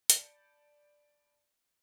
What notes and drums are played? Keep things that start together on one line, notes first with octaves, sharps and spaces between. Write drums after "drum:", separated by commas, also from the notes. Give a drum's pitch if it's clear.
D5 A5 B5 G6 A6 C#7, drum: hi-hat